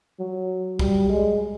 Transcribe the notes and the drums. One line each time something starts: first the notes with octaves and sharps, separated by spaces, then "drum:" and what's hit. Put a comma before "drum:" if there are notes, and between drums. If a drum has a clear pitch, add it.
F#3
G3, drum: kick B1
G#3